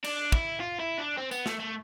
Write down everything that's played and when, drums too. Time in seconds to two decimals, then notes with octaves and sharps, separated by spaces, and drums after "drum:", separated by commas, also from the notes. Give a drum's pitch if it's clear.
0.04 D4, drum: cymbal
0.32 E4, drum: kick
0.60 F4
0.80 E4
0.98 D4
1.18 C4
1.31 B3, drum: tambourine
1.46 A3, drum: snare
1.60 A3